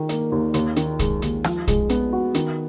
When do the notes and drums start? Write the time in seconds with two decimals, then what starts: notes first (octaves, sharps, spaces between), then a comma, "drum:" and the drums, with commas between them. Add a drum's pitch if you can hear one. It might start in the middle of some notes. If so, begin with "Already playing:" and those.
Already playing: D#3
0.09 A#3, drum: hi-hat
0.32 D#2
0.54 D#2, drum: hi-hat
0.77 D#3, drum: hi-hat
0.99 G#3, drum: kick, hi-hat
1.22 D#2, drum: hi-hat
1.44 F3, drum: rim click
1.68 G#3, drum: kick, hi-hat
1.90 B3, drum: hi-hat
2.13 F#4
2.35 D#3, drum: hi-hat